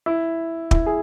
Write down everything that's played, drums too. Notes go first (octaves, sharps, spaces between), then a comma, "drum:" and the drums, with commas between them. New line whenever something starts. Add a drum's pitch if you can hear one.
E4
E4, drum: kick
G#4